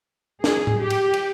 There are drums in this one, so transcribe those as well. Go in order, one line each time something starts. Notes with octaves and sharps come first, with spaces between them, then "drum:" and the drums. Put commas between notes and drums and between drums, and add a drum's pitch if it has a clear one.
G#4, drum: snare
drum: tom A2
G4
drum: cymbal
drum: cymbal